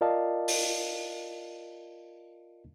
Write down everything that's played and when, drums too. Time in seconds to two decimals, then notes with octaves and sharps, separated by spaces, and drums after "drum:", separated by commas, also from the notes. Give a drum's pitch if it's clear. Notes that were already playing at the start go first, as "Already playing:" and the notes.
0.01 F4 A#4 D5 D#5 F5 A5
0.48 drum: open hi-hat